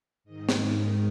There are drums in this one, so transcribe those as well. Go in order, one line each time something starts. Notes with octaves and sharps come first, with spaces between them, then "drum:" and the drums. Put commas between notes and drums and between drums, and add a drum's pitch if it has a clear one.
G#2 D#3 D#5
drum: snare